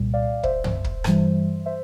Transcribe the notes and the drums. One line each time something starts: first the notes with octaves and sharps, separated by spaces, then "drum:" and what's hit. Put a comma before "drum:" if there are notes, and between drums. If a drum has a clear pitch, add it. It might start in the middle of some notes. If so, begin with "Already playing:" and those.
Already playing: C2 A#2 G3
D5 F5
C5 E5, drum: kick
drum: tom
drum: kick
G2 E3 G3, drum: rim click
C5 E5